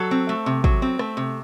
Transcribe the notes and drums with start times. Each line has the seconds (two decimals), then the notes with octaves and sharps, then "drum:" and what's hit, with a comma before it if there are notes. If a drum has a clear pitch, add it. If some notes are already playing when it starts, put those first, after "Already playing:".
Already playing: F#3 A4
0.11 C4
0.29 A3
0.46 C3
0.64 F#3, drum: kick
0.82 C4
0.99 A3, drum: rim click
1.17 C3